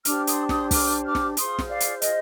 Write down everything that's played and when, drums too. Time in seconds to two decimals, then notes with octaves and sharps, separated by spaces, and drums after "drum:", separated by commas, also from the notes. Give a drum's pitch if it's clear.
0.05 D4 G4 C5 D6 F6, drum: hi-hat
0.27 C6 D#6, drum: hi-hat
0.49 C6 D#6, drum: snare
0.71 D6 F6, drum: kick, open hi-hat
1.04 D6 F6
1.15 drum: snare
1.37 F4 G#4 C5 C6 D#6, drum: hi-hat
1.59 drum: snare
1.69 D5 F5
1.80 drum: hi-hat
2.02 D#5, drum: hi-hat